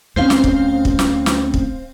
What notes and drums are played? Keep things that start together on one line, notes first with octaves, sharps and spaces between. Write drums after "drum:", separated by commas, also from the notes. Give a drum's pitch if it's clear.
D2 A#3 C4 C#4 C5 F5
drum: snare
drum: kick
drum: kick
drum: snare
drum: snare
drum: kick